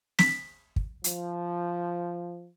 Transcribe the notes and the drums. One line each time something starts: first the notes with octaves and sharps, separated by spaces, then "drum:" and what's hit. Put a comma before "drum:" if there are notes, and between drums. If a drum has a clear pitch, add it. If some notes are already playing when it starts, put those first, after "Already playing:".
B6, drum: snare
drum: kick
F3, drum: hi-hat